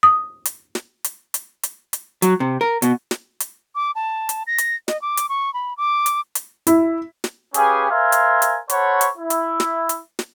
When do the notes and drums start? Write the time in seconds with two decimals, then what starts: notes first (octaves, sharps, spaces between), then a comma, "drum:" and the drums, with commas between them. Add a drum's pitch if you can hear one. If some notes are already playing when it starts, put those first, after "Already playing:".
0.03 D#6
0.45 drum: hi-hat
0.75 drum: snare
1.04 drum: hi-hat
1.34 drum: hi-hat
1.63 drum: hi-hat
1.93 drum: hi-hat
2.22 F#3, drum: hi-hat
2.40 C3
2.61 A#4
2.82 B2, drum: hi-hat
3.11 drum: snare
3.40 drum: hi-hat
3.75 D6
3.95 A5
4.29 drum: hi-hat
4.47 A#6
4.58 drum: hi-hat
4.88 D#5, drum: snare
5.02 D6
5.17 drum: hi-hat
5.29 C#6
5.54 B5
5.77 D6
6.06 drum: hi-hat
6.35 drum: hi-hat
6.67 E4, drum: hi-hat
7.24 drum: snare
7.54 C#4 G4 G#4 B4 F5 G#5, drum: hi-hat
7.90 A#4 C5 E5 F5 G#5 C6
8.12 drum: hi-hat
8.42 drum: hi-hat
8.70 A4 C5 C#5 F#5 B5 C#6, drum: hi-hat
9.01 drum: hi-hat
9.17 E4
9.30 drum: hi-hat
9.60 drum: snare
9.89 drum: hi-hat
10.19 drum: snare